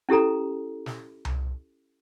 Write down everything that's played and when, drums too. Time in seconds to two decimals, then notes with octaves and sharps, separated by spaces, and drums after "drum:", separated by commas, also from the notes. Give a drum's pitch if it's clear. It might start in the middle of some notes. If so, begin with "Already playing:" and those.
0.09 C#4 E4 G4 A4 A#5
0.86 drum: snare
1.25 drum: tom C2